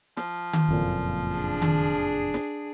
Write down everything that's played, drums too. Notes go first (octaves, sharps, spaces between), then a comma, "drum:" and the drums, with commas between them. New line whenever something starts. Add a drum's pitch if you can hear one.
F3, drum: snare
drum: tom D#3
F#1 F2 A#2
D4 G#4
drum: tom D#3
drum: snare